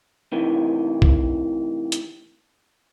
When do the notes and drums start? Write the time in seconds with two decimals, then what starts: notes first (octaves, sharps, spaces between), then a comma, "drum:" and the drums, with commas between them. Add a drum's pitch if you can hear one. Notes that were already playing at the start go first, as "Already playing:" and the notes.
0.32 A2 C3 D#3 E3
1.02 drum: kick B1
1.92 drum: hi-hat